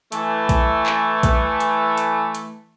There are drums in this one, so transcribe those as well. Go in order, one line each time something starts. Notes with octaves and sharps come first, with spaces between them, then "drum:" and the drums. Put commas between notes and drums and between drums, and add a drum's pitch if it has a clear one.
E3 A3, drum: hi-hat
drum: kick A#1, hi-hat
drum: clap
drum: kick A#1, hi-hat
drum: hi-hat
drum: hi-hat
drum: hi-hat